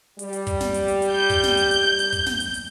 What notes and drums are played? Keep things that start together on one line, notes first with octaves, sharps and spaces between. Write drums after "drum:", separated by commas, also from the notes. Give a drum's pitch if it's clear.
G3, drum: hi-hat
drum: hi-hat
drum: kick, hi-hat
drum: snare
drum: hi-hat
drum: hi-hat
drum: hi-hat
G6
drum: kick, hi-hat
drum: snare
drum: hi-hat
drum: hi-hat
drum: hi-hat
drum: kick, hi-hat
drum: snare
drum: hi-hat
drum: hi-hat